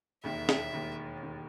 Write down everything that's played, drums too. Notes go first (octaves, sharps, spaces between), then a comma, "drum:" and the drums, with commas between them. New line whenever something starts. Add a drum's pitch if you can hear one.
E1 D#2 D#3 E5
drum: snare
E1 D#2 D#3
D#3